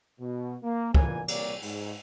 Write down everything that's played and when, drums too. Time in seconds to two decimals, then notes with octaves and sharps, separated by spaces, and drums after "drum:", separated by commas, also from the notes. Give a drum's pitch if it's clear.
0.20 B2
0.62 A#3
0.95 G1 F2 A#2 E3 A#3 G#5, drum: kick
1.28 C2 A#2 G3 A#3 C#5 D5, drum: cymbal
1.62 G#2, drum: open hi-hat